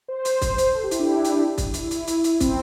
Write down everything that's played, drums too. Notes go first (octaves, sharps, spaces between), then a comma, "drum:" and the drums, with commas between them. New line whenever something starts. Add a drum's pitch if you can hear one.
C5
drum: hi-hat
drum: kick, hi-hat
drum: hi-hat
A4
G4
E4, drum: hi-hat
D4
drum: hi-hat
drum: kick, hi-hat
E4, drum: hi-hat
drum: hi-hat
drum: hi-hat
drum: hi-hat
C4, drum: kick, hi-hat